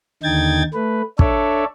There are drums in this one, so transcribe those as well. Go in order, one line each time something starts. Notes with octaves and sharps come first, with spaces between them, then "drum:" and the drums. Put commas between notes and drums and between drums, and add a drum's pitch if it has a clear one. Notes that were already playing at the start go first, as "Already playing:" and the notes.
D#2 D3 D#4 G5 G#6 A6
A3 B4
D4 A4 C#5 D5 E5, drum: kick